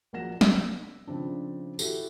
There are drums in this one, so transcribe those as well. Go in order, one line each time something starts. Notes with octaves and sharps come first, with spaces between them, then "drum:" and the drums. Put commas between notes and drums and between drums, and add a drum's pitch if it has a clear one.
A#1 F#3 A#3 F#5 A#6 E7
E6 B6, drum: snare
C#3 F3 C4 D4
E4 F#4 G4 A4, drum: tambourine